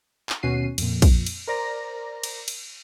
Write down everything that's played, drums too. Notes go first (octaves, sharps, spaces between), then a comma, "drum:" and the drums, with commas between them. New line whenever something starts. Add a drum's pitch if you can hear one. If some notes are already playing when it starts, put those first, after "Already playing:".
drum: clap
D#2 B2 C#4 F#4 C7 D#7
F2 A#2, drum: cymbal
drum: kick A#1, cymbal
drum: cymbal
A#4 C5 D5 A#5 A#6
drum: cymbal
drum: cymbal